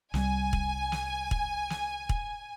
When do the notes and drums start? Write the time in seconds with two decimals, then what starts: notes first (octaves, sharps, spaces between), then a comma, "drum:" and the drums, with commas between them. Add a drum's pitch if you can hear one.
0.14 C2 G3 G#5, drum: snare
0.53 drum: kick
0.92 drum: snare
1.31 drum: kick
1.70 drum: snare
2.09 drum: kick